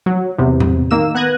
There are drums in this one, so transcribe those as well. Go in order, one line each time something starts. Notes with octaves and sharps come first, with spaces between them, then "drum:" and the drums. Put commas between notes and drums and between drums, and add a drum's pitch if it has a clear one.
F#3
E2 C3
drum: tom A2
D#3 A#3 E6 E7
B3 F#6 G#6 A#6 D#7